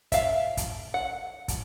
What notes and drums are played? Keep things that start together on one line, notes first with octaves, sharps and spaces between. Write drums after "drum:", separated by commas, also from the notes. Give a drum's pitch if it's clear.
E5 F5, drum: kick, hi-hat
drum: kick, hi-hat
F#5
drum: kick, hi-hat